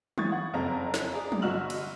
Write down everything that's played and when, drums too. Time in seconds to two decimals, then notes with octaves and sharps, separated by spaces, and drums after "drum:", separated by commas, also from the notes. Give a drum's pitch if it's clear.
0.18 E3 D#4 C#6 D#6 G#6 A6, drum: tom
0.32 F#5
0.54 F#1 F2 C4 D#5 A#5
0.94 drum: snare
1.12 G#4 D5 A#5
1.32 drum: tom
1.42 G1 F#4 D#5 E6 F6 F#7
1.70 drum: cymbal